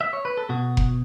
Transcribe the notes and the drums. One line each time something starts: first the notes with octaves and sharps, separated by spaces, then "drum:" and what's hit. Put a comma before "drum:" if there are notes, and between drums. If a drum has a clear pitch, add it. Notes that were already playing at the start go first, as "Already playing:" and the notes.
E5
C#5
B4
A4
B2 F#4
drum: kick F1